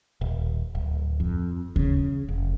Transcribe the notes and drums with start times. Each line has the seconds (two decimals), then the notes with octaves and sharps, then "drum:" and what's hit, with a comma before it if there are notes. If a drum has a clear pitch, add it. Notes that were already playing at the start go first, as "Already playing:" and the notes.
0.21 D#1
0.75 D1
1.20 F2
1.76 C#3, drum: kick D#2
2.29 F1